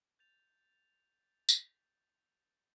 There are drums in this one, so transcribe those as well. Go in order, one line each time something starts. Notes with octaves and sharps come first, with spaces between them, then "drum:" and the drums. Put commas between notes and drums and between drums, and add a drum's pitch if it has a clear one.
G6 A6 F7
drum: tambourine